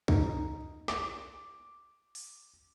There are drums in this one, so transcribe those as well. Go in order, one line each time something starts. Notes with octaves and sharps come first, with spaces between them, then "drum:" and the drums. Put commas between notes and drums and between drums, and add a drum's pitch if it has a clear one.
D#4, drum: kick
D6, drum: snare
drum: open hi-hat